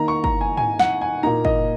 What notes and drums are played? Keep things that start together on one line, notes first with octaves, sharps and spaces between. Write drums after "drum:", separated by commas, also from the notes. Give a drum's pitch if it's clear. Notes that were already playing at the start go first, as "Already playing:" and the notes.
Already playing: D#3 A#3 D#4 A#5
C#6
A#5, drum: kick
G#5
G#5, drum: tom G#2
F#5, drum: snare
G#5
A#2 A#3 D#4 A#5
D#5, drum: kick